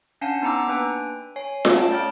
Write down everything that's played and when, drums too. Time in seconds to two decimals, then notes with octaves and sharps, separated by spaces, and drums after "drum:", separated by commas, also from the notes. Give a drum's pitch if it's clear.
0.21 C#4 D4 F5 F#5 G#5 A5
0.42 B3 D#4 F#5 A#5 D6 E6
0.67 A#3 D4 B4 G5 G#5
1.36 C#5 G#5 C7
1.65 drum: snare F4
1.76 C#4 G5 A5
1.90 A3 C#5 D5 G5 F6 D7